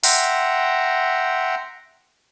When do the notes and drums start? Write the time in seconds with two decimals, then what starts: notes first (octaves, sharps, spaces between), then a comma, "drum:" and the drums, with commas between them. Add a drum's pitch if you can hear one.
0.04 E5 F#5 G5 A#5 C6, drum: open hi-hat